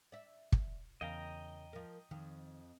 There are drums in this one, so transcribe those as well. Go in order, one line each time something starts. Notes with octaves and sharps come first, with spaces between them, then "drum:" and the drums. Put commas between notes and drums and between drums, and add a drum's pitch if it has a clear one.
D5 E5
drum: kick
E2 C#3 A#4 D#5 F5 G5 A#5
F3 A#4
F2 D#3